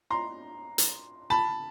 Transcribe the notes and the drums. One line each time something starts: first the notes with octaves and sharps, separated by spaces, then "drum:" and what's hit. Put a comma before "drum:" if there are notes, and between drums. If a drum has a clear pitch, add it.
A#5 C6
drum: hi-hat
A5 B5